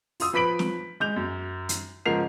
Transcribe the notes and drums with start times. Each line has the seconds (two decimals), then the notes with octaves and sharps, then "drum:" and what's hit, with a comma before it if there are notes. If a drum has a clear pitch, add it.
0.20 F4 C6 D#6 E6, drum: open hi-hat
0.33 F3 B4 B5 B6 D7 F#7
0.59 drum: snare
1.00 G#3 G6 F7
1.16 F#2
1.69 drum: hi-hat
2.05 G#2 C#3 F3 A#4 C7 F7